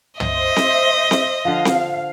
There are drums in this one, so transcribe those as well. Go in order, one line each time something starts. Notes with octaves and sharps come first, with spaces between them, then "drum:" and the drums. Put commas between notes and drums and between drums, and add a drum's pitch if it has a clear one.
C5 D#5 E5, drum: tom
drum: snare C4
drum: snare C4
D3 F3 F5
drum: snare C4